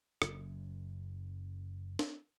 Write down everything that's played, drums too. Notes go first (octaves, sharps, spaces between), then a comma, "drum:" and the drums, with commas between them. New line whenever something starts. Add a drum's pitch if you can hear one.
F#1 F#2, drum: rim click
drum: snare D4